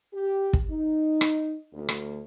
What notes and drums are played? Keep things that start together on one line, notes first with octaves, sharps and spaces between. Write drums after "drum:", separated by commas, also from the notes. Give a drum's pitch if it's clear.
G4
drum: kick
D#4
drum: rim click
D2
drum: rim click